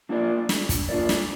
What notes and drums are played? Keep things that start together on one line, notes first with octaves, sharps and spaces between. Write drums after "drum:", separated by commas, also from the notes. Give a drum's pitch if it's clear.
A#3 D4 F4 A#4 D5
drum: snare
drum: kick, hi-hat
A#3 D4 F4 A#4 D5
drum: snare